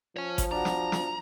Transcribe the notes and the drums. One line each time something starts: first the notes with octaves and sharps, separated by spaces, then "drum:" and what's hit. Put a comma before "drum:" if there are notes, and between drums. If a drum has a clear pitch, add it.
F3 C#5 G#5
drum: kick G#1, hi-hat
D4 F#4 A#5
drum: snare
drum: snare